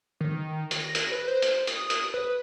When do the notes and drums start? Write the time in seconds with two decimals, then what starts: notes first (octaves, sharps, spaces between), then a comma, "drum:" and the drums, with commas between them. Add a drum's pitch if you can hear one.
0.21 D#3
0.71 drum: hi-hat
0.80 A#6
0.95 drum: hi-hat
1.12 B4
1.28 C5
1.42 drum: hi-hat
1.67 D#6, drum: hi-hat
1.90 drum: hi-hat
2.14 B4